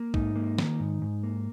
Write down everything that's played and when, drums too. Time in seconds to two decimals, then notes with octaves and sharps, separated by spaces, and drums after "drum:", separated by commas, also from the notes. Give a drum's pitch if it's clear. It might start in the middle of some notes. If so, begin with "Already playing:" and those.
Already playing: A#3
0.14 G#2 D#4, drum: kick
0.36 A#3
0.58 D#3, drum: snare
0.80 G#2
1.02 G#2
1.23 A#3